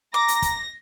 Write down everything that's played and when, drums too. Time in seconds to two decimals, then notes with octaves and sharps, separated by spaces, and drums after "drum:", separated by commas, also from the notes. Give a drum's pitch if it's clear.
0.14 A#5 D6 A#6
0.28 drum: hi-hat
0.42 drum: kick, hi-hat